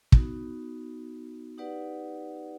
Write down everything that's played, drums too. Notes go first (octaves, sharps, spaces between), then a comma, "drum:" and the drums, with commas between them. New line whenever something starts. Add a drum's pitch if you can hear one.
B3 D#4 F#4, drum: kick
D#4 G4 B4 D5 F#5